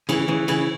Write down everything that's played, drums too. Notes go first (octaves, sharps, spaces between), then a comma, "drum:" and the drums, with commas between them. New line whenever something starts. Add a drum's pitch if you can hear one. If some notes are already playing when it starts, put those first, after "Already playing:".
C#3 E3, drum: cymbal
C#3 E3
C#3 E3, drum: cymbal